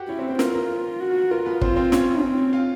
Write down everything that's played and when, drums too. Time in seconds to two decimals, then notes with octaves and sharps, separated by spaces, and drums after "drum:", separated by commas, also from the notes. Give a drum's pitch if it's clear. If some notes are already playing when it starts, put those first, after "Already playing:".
Already playing: F#4 G4 F#5 G5
0.08 C#4 E4 C#5
0.19 C4 C5
0.29 C4 C5
0.39 F4 A#4, drum: snare
0.55 A#4
1.01 F#4
1.31 F4 A#4
1.46 B3 B4
1.61 C4 C5, drum: kick
1.76 C4 C5
1.92 C#4 C#5, drum: snare
2.23 C4
2.53 F4 F5